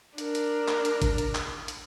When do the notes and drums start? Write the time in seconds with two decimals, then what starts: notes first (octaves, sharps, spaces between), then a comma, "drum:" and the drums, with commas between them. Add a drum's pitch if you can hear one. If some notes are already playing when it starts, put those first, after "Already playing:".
0.18 D4 A#4, drum: hi-hat
0.35 drum: hi-hat
0.68 drum: clap
0.85 drum: hi-hat
1.02 drum: kick, hi-hat
1.18 drum: hi-hat
1.35 drum: clap
1.68 drum: hi-hat